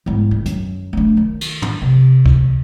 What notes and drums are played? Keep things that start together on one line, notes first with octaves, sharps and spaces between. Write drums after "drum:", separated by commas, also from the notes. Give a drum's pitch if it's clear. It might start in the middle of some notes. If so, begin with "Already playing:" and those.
E2 G#2
D#3
F#2, drum: hi-hat
A3 D4
D#3
drum: cymbal
drum: tom
C3
drum: kick